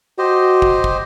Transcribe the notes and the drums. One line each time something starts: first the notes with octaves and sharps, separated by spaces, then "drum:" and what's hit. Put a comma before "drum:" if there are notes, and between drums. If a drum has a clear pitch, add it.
F#4 G4 C5 D#5
drum: kick
drum: kick